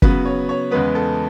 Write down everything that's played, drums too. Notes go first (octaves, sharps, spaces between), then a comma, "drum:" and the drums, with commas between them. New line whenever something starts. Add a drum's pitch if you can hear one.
C#3 F#3 B3 B4, drum: kick
C#5
C#5
E2 C#3 E3 G#3 B3 B4
A4